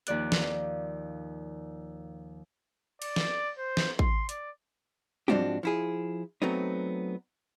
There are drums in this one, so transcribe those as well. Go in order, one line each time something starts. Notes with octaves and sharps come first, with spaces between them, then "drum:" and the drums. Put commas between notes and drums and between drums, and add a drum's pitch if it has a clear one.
D#2 F3 D5 F#6, drum: hi-hat
drum: snare
D5, drum: cymbal
drum: snare
C5
drum: snare
C6, drum: kick
D5, drum: hi-hat
G#2 F3 C4 D4 F#4 G4, drum: tom F#3
F3 E4 G#4
F#3 A3 B3 C4 D#4